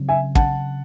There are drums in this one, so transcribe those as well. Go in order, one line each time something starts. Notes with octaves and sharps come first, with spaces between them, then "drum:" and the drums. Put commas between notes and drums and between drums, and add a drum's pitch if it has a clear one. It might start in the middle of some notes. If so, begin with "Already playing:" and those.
Already playing: C#3 F#3 C4
E5 G#5
F#5 A5, drum: kick